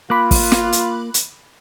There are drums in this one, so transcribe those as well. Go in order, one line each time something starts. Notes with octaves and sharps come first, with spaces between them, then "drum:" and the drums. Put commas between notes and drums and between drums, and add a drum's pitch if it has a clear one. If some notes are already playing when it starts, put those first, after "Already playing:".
A#3 F4 B5 D6 F#6
drum: kick, open hi-hat
drum: snare
drum: hi-hat
drum: hi-hat